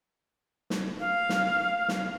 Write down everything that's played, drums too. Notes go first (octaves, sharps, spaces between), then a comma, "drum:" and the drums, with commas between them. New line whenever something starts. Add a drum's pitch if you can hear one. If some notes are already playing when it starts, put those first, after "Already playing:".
drum: snare
F5
drum: snare
drum: snare